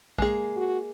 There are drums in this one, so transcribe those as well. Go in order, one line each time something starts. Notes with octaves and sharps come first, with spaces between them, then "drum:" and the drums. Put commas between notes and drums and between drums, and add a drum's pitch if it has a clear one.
G#3 A#3 G#4, drum: kick A#1
F#4